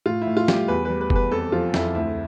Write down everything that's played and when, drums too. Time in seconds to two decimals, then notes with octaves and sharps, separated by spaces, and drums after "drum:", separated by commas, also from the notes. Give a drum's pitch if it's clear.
0.06 A2 F4
0.22 E4
0.27 A2
0.37 F4
0.48 G3 G4, drum: snare
0.68 E2 B4
0.85 G3 B4
1.01 B4
1.10 E2, drum: kick F#1
1.16 B4
1.31 F2 A4
1.52 F3 F4
1.74 F2 E4, drum: snare
1.95 D2 E4